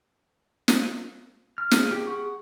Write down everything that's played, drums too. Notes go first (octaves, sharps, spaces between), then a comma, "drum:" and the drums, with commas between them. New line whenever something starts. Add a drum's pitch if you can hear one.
drum: snare
F6
G#4, drum: snare
G4
F#5 C#6